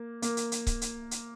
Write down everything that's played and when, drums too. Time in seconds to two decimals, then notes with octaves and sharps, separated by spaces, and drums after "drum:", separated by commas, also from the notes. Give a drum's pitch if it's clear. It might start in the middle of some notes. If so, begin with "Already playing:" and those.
Already playing: A#3
0.22 A#3, drum: hi-hat
0.37 drum: hi-hat
0.52 drum: hi-hat
0.67 drum: kick C#1, hi-hat
0.81 drum: hi-hat
1.11 drum: hi-hat